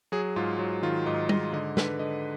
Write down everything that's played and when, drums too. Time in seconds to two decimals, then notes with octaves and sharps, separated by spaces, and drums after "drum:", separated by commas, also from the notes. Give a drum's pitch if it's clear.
0.12 F#3 G#4
0.36 G#2 F4
0.59 F#3
0.83 D#3 F4
1.06 G#2 D#5
1.29 G#2 D#5, drum: tom G3
1.53 D3 D#5
1.77 D3 B4, drum: snare
1.99 D3 D#5